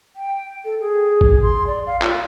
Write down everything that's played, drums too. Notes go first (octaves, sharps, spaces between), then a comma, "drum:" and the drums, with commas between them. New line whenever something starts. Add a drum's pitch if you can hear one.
G5
A4
G#4
drum: kick G#1
C6
D5
F5
F4, drum: clap